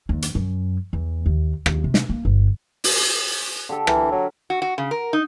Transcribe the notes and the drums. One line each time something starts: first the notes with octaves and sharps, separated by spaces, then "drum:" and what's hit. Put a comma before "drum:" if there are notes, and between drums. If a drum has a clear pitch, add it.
D#2
drum: hi-hat
F#2
E2
D#2
D#2, drum: rim click
C3
drum: snare
A#3
G1
drum: open hi-hat
D3 G4 A4
E3 A#4, drum: rim click
F#3
F#4
F#4
C#3
A#4
D#4